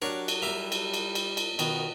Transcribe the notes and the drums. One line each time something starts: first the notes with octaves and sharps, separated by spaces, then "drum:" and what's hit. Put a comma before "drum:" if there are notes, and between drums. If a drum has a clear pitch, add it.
F#3 D4 G4 A#4 C#6
drum: cymbal
G3 A#4 E5 D6
drum: cymbal
drum: cymbal
drum: cymbal
drum: cymbal
B2 D#3 F#5, drum: cymbal